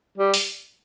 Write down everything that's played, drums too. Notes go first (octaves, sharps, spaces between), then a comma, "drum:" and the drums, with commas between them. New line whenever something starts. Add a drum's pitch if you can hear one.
G3
drum: open hi-hat